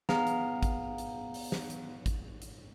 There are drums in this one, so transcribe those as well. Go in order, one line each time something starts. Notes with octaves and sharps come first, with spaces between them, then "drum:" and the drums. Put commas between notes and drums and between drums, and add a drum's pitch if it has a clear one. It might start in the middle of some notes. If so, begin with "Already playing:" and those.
B3 G#4 F5 A#5, drum: snare
drum: hi-hat
drum: kick, hi-hat
drum: hi-hat
drum: open hi-hat
drum: snare
drum: hi-hat
drum: kick, hi-hat
drum: hi-hat